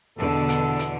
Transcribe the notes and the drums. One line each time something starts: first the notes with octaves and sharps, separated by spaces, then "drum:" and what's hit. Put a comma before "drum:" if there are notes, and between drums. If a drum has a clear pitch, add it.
E2 B2 D3 A4
drum: hi-hat
drum: hi-hat